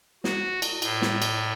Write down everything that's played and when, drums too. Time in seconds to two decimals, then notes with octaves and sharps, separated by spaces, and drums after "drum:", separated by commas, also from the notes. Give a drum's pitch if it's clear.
0.24 F#4, drum: snare
0.62 drum: cymbal
0.82 A2, drum: cymbal
1.02 drum: snare
1.22 drum: cymbal